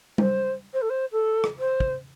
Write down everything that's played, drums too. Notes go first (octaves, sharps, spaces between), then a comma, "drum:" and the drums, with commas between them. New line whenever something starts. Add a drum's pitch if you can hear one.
C5, drum: tom G3
C5
A4
C5
A4
drum: rim click
C5
drum: kick